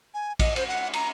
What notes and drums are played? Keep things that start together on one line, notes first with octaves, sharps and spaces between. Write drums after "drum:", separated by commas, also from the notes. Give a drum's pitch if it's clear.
G#5
D#5, drum: kick A#1, cymbal
C5, drum: cymbal
F#5
A#5, drum: cymbal